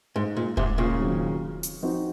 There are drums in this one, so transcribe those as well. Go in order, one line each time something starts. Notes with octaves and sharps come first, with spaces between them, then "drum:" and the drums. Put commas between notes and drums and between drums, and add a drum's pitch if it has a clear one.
G#2 G#3 D#4 G#4 C5 D#5
A#2
G#2 C3, drum: kick D#1
A#2 C#3
F#2 D#3 F#3 C4
drum: hi-hat
F3 C4 D#4 F#4 C5